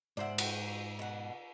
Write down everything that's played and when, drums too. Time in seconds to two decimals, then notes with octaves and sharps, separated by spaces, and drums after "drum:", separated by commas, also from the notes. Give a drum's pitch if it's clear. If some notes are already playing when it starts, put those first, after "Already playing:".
0.17 G#2 C5 D5 E5 F#5
0.38 F#4 F#5 G5, drum: cymbal
0.99 B2 F#5